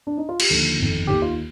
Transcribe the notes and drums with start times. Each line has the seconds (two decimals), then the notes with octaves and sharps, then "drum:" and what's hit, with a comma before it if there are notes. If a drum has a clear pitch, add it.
0.07 D4
0.17 D#4
0.29 F4
0.40 G4, drum: cymbal
0.50 D#2 D3 F3 A4
0.79 G1 F2 D#3
1.07 D#2 D#3 G4
1.22 F4